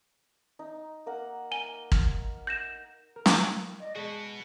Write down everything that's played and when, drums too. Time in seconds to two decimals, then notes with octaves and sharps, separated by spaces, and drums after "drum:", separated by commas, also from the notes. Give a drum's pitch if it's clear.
0.59 D#4
1.06 A#3 A#4 F#5
1.51 G#5 D#7 G7
1.92 drum: kick
2.47 G6 A#6 E7
3.16 A#4
3.26 drum: snare
3.80 D5 D#5
3.95 G#3 B3 F#4 G#4 A5